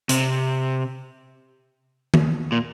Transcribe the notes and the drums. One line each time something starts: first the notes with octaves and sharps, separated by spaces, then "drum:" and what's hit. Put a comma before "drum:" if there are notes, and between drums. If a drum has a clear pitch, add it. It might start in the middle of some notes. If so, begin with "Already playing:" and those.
C3, drum: hi-hat
drum: tom D#3
A#2